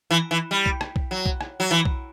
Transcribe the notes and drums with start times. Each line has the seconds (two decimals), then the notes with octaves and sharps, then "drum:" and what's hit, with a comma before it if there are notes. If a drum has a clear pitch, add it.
0.11 E3
0.31 E3
0.51 G3
0.66 drum: kick B1
0.81 drum: rim click
0.96 drum: kick B1
1.11 F#3
1.26 drum: kick B1
1.41 drum: rim click
1.60 F#3
1.71 E3
1.85 drum: kick B1